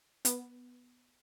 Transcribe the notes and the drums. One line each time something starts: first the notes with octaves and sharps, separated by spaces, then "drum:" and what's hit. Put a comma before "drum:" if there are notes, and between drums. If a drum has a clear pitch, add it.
B3, drum: hi-hat